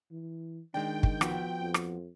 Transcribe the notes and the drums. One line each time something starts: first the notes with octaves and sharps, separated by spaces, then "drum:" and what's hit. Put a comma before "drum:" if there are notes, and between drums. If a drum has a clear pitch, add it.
E3
D#3 G#3 D4 G5
drum: kick
F3 B3 F#4, drum: rim click
F2
drum: rim click